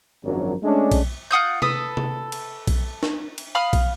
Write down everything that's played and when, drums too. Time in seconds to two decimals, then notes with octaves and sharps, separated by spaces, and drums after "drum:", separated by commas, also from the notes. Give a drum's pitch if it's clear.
0.24 G#1 F#2 F3 F#3 D4 A#4
0.63 G#3 A3 C#4 D4
0.91 drum: kick B1, cymbal
1.31 F4 F#5 D#6 G6
1.62 A4 B4 D#6, drum: tom C3
1.97 drum: tom C3
2.32 drum: cymbal
2.67 drum: kick B1, cymbal
3.03 drum: snare
3.38 drum: cymbal
3.55 F5 B5 D#6 F6
3.73 drum: kick B1, cymbal